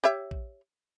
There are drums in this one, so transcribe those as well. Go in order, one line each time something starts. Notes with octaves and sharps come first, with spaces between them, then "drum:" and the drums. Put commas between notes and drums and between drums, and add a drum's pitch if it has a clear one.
G4 C#5 E5
drum: kick A#1